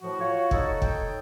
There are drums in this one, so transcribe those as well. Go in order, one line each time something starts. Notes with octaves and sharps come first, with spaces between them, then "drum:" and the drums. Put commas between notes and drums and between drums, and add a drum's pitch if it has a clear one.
A2 F3 F#4
F4 C#5
D#4 A4 C#5, drum: kick
G5, drum: kick